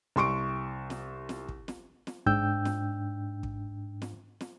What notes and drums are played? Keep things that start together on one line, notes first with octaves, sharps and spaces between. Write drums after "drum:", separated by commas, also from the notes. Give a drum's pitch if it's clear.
C2 C6 C#6 D7
drum: snare
drum: snare
drum: kick
drum: snare
drum: snare
G#2 D4 G5 E6 G6, drum: kick
drum: snare
drum: kick
drum: snare
drum: snare